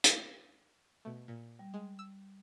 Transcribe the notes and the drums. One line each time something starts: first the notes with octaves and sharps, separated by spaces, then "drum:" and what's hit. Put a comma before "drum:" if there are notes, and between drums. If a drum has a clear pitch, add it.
drum: hi-hat
B2 A3
A#2
G3
G#3
E6